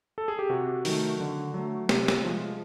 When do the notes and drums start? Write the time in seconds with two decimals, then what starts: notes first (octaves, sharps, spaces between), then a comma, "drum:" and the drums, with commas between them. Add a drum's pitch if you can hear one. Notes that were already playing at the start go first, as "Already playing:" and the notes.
0.18 A4
0.28 G#4
0.39 G4
0.50 C3 F#4
0.85 D#3 F#3 A3, drum: open hi-hat
1.20 D3
1.54 F#3 A3
1.89 C3, drum: snare
2.08 drum: snare
2.25 F3 G#3